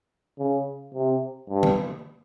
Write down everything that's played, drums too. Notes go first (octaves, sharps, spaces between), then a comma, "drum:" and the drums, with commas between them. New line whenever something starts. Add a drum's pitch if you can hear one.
C#3
C3
G2
drum: tom D#3